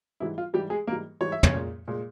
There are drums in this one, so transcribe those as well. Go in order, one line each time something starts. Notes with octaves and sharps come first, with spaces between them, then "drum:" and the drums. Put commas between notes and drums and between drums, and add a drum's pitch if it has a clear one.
G#2 E3 G3 E4
F4
G#2 E3 G3 G4
G#3 G#4
G#2 E3 G3 A#3 A#4
G#2 E3 G3 C#5
E5
C#4 C#5, drum: tom
A#2 G#3
A#2 G#3